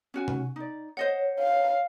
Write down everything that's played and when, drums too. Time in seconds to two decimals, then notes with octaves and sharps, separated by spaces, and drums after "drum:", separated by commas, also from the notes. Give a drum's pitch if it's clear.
0.14 C#4 F#4 G#5
0.28 drum: tom C3
0.56 D#4 D5
0.97 C5 C#5 D#5 F#5
1.39 F5